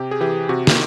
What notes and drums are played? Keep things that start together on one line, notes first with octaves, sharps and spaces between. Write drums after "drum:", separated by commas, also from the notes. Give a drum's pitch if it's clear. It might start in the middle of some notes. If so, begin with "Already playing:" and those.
Already playing: C3 G4
G#4
E3 G4
C3 F#4
drum: snare